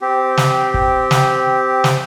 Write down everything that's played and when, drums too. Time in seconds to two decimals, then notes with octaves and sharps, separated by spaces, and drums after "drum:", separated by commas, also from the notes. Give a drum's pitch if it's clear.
0.01 C4 G4
0.37 drum: snare
0.74 drum: kick
1.11 drum: snare
1.84 drum: snare